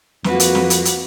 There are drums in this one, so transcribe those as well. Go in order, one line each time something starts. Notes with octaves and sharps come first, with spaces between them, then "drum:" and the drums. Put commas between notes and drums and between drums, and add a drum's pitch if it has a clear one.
F2 A#3 F#4 B4, drum: snare
drum: hi-hat
drum: snare
drum: hi-hat
drum: hi-hat